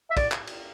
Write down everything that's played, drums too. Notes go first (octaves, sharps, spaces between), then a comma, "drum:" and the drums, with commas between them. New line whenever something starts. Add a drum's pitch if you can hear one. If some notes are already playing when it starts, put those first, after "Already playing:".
E5
D5, drum: kick, cymbal
drum: clap
drum: cymbal